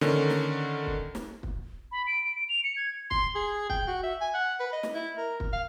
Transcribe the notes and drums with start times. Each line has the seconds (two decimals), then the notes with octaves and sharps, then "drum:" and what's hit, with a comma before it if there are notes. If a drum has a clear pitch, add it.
0.01 D3 D#3 C#4, drum: snare
0.30 drum: snare
0.86 drum: kick
1.15 drum: snare
1.43 drum: kick
1.92 B5
2.07 D7
2.24 D7
2.36 D7
2.49 F7
2.64 C#7
2.77 G#6
3.11 C6, drum: kick
3.36 G#4
3.70 G5, drum: kick
3.88 F#4
4.03 E5
4.21 G#5
4.34 F#5
4.60 B4
4.73 D#5
4.83 drum: snare
4.94 E4
5.18 A#4
5.40 drum: kick
5.53 F5